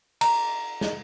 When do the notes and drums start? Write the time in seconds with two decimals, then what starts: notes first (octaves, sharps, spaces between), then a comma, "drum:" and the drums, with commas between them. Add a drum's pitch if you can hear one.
0.21 A#5, drum: cymbal
0.81 drum: snare